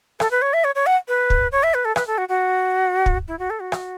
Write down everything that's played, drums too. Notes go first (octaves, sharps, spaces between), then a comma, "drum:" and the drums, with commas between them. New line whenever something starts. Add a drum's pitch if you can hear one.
A4, drum: rim click
B4
C#5
E5
C#5
C#5
F#5
B4
drum: kick
C#5
E5
B4
A4
B4, drum: rim click
A4
F#4
F#4
drum: kick
E4
F#4
A4
F#4
drum: rim click